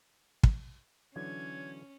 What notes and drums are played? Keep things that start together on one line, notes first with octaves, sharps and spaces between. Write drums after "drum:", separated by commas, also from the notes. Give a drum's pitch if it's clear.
drum: kick
D3 E3 F#3 C#4 G#6